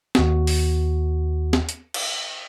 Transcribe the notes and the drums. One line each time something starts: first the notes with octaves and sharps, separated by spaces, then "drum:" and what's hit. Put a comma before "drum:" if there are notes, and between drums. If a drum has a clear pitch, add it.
D#2 F#4, drum: snare
drum: open hi-hat
drum: snare
drum: hi-hat
drum: cymbal